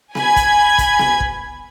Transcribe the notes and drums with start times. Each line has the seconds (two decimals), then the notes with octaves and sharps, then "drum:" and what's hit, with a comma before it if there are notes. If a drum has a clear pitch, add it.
0.15 G#5 B5 G#6, drum: snare B3
0.36 drum: kick, hi-hat
0.78 drum: kick, hi-hat
0.99 drum: snare B3
1.20 drum: kick